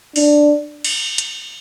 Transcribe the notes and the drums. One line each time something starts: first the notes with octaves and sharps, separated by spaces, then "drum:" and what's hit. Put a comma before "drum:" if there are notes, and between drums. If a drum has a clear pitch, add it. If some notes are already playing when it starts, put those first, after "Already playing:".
D4, drum: open hi-hat
drum: cymbal
drum: hi-hat